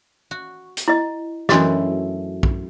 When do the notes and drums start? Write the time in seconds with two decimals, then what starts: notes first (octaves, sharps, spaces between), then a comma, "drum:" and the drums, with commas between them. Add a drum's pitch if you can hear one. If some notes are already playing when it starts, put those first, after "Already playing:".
0.31 F#4
0.77 drum: hi-hat
0.88 E4 D#5
1.49 F#2 E3 A3 D4 F#4 D#5, drum: snare
2.43 drum: kick